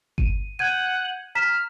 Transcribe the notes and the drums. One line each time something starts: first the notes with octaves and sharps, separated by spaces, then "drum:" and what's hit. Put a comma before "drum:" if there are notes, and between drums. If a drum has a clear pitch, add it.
D#7, drum: kick G1
F#5 G6 G#6 D#7
A#5 F6 B6 E7